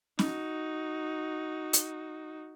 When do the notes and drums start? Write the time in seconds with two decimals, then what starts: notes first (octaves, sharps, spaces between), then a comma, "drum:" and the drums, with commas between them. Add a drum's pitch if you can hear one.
0.19 D#4 F#4, drum: snare C#4
1.73 drum: hi-hat